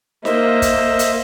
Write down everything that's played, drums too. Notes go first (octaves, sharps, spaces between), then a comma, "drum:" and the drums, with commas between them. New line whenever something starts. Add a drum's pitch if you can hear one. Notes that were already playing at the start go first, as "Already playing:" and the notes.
A#3 C5 D#5 E5, drum: snare D#4
drum: kick, hi-hat
drum: hi-hat